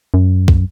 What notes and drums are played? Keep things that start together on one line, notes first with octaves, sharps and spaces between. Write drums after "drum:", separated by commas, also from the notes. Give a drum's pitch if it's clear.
F#2
drum: kick